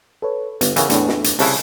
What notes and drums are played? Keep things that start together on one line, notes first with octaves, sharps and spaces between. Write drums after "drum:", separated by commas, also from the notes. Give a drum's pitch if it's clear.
A4 B4 C#5
G1 B3, drum: hi-hat
C#3 E3 A#4 F#5, drum: hi-hat
E2 A2 A3 D4 B4, drum: hi-hat
drum: snare
drum: hi-hat
C2 C#3 E4 A5 F#6, drum: open hi-hat